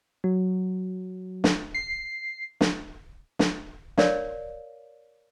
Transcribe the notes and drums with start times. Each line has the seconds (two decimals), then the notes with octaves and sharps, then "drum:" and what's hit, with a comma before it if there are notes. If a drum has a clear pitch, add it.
0.24 F#3
1.44 drum: snare
1.75 C7
2.61 drum: snare
3.39 drum: snare
3.98 A#4 C#5 D5 F5, drum: snare